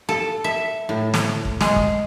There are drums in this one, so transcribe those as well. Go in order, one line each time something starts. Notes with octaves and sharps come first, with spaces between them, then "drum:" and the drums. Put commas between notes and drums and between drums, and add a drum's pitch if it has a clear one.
A4
E5
A2
drum: snare
drum: kick
G#3, drum: snare
drum: kick